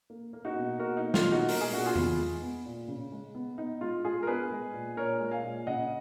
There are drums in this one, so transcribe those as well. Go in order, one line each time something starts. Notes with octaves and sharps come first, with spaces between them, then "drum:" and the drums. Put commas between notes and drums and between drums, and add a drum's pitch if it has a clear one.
A#3
A#3
D#4 F#4
B2
A#3 F#4 A#4
D#4
A#3
F4, drum: snare
B2
D#4 F#4
G#3 A#4, drum: open hi-hat
G#4
A#2 F#4
F4 G#4
B3, drum: tom E2
G#3
B3
A#2
C#3
G#3
B3
B3 D#4
G#3 F4
G#3 F4 G#4
A#4
B3 G#4 B4
G#3
A#2
A#2 A#4 C#5
G#3
F5 G#5
A#2
C#3 D#5 F#5